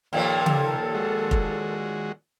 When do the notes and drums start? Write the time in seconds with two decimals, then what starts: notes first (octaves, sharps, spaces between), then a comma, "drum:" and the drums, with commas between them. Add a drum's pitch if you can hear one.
0.13 D#2 A#2 F3 A#3 G4 A4 C#5
0.46 drum: tom C#3
0.95 G#3 F#4
1.31 drum: kick F1